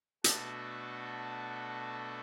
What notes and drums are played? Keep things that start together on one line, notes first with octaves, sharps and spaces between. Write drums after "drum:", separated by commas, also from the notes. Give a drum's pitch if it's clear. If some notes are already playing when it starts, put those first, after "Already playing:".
B2 A3 D4 F#4 A4, drum: hi-hat